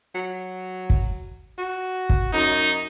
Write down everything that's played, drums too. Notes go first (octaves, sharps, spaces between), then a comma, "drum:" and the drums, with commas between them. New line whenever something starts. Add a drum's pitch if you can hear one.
F#3
drum: kick
F#4
drum: kick
F#2 D#4